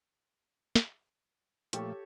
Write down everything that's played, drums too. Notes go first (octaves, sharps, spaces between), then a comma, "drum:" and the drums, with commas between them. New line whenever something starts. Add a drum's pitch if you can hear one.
drum: snare
A#2 F3 A3 G4 A4 C#5, drum: hi-hat